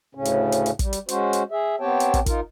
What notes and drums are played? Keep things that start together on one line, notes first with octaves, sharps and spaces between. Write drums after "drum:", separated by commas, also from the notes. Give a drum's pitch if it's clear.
D2 A2 C#3 C#4
drum: hi-hat
drum: hi-hat
drum: hi-hat
G3, drum: kick, hi-hat
drum: hi-hat
G#3 C#4 F#4 C5, drum: hi-hat
drum: hi-hat
G#4 E5
B3 C4 G4 C#5 G5 A5
drum: hi-hat
drum: kick, hi-hat
D#4 F4 A#4, drum: kick, hi-hat